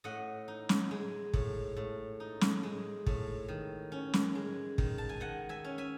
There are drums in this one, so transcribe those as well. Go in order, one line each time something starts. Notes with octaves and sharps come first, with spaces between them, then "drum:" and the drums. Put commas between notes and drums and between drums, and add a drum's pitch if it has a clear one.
A2 D#5 F#5
D#4
drum: snare
G#3
A2, drum: kick
A2
D#4
drum: snare
G#3
A2, drum: kick
D#3
C#4
drum: snare
G#3
D#3, drum: kick
A5
G#5
D#3 D#5 F#5
E5 G#5
C#4
E5 G#5